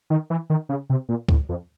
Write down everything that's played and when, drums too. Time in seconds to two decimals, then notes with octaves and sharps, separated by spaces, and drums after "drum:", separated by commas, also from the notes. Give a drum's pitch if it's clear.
0.10 D#3
0.30 E3
0.50 D#3
0.69 C#3
0.90 C3
1.09 A#2
1.29 A2, drum: kick C#2
1.49 F2